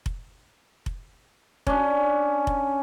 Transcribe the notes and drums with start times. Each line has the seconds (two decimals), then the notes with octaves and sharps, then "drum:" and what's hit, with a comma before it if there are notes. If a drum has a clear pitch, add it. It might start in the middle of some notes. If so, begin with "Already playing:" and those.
0.06 drum: kick F1
0.86 drum: kick F1
1.67 C#4 D4, drum: kick F1
2.47 drum: kick F1